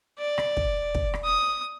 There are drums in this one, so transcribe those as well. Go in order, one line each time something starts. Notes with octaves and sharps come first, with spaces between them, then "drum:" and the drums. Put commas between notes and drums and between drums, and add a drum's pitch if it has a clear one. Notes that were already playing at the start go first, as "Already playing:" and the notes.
D5
drum: rim click
drum: kick
drum: kick
drum: rim click
D#6